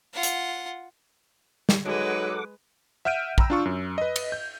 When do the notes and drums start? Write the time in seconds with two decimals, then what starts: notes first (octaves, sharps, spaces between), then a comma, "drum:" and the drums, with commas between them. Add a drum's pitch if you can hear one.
0.13 F4 F#5
0.23 drum: hi-hat
1.69 drum: snare
1.85 F#3 G#3 D#4 A4 B4 F#5 D6
3.05 E5 F#5 F6 G6 D7 D#7
3.38 G5 A#5 B5 E6, drum: kick
3.50 D4 F4 C#6
3.65 F#2
3.98 B4 D#5
4.16 drum: cymbal
4.32 G6